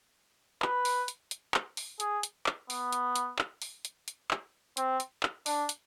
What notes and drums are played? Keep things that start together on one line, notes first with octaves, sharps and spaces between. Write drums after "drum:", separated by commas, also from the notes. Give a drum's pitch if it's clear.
B4, drum: clap
drum: open hi-hat
drum: hi-hat
drum: hi-hat
drum: clap
drum: open hi-hat
G#4, drum: hi-hat
drum: hi-hat
drum: clap
B3, drum: open hi-hat
drum: hi-hat
drum: hi-hat
drum: clap
drum: open hi-hat
drum: hi-hat
drum: hi-hat
drum: clap
C4, drum: hi-hat
drum: hi-hat
drum: clap
D4, drum: open hi-hat
drum: hi-hat